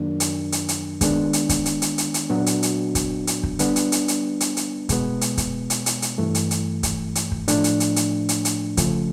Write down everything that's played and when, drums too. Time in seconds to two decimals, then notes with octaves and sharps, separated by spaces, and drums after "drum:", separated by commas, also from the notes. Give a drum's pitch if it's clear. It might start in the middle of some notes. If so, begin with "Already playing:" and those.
Already playing: F#2 D#3 F#3 A#3 D4
0.20 drum: hi-hat
0.52 drum: hi-hat
0.68 drum: hi-hat
1.01 D#3 G#3 B3 D4, drum: kick, hi-hat
1.33 drum: hi-hat
1.49 drum: kick, hi-hat
1.66 drum: hi-hat
1.82 drum: hi-hat
1.98 drum: hi-hat
2.14 drum: hi-hat
2.30 A#2 F#3 B3 D4 F#4
2.46 drum: hi-hat
2.63 drum: hi-hat
2.95 drum: kick, hi-hat
3.27 drum: hi-hat
3.43 drum: kick
3.59 D3 G3 B3 D4, drum: hi-hat
3.76 drum: hi-hat
3.92 drum: hi-hat
4.08 drum: hi-hat
4.40 drum: hi-hat
4.57 drum: hi-hat
4.89 B2 G#3 B3, drum: kick, hi-hat
5.21 drum: hi-hat
5.38 drum: kick, hi-hat
5.70 drum: hi-hat
5.86 drum: hi-hat
6.02 drum: hi-hat
6.18 G2 E3 A3
6.35 drum: hi-hat
6.51 drum: hi-hat
6.83 drum: kick, hi-hat
7.15 drum: hi-hat
7.32 drum: kick
7.48 A2 F3 A3 D4, drum: hi-hat
7.64 drum: hi-hat
7.80 drum: hi-hat
7.96 drum: hi-hat
8.29 drum: hi-hat
8.45 drum: hi-hat
8.77 C#3 F3 A3, drum: kick, hi-hat